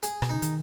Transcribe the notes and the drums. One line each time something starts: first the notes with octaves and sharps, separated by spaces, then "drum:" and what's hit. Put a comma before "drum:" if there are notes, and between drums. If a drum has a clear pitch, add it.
G#4, drum: hi-hat
B2, drum: rim click
C#3 D#4
D#3, drum: hi-hat